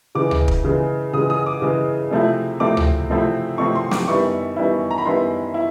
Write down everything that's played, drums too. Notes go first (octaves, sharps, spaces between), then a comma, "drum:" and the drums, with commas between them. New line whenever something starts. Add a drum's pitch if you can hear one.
C#3 E3 G#3 D6
drum: tom C#2
drum: kick
C#3 E3 G#3
C#3 E3 G#3 D#6
D#6
D6
C#3 E3 G#3
C3 F3 A3 C4 E4
C3 F3 A3 C4 E4 D6
drum: tom C#2
C3 F3 A3 C4 E4
C3 F3 A3 C4 E4 C#6
C6
D6, drum: snare
F#2 D#3 G3 B3 E4 C#6
F#2 D#3 G3 B3 E4
A#5
B5
F#2 D#3 G3 B3 E4 C6
E4